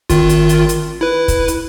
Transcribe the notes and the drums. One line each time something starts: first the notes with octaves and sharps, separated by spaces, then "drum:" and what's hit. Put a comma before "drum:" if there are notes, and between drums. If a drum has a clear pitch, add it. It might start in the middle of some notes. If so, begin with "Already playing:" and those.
G#1 D#3 F4, drum: kick, hi-hat
drum: hi-hat
drum: hi-hat
drum: hi-hat
E4 B4
drum: kick, hi-hat
drum: hi-hat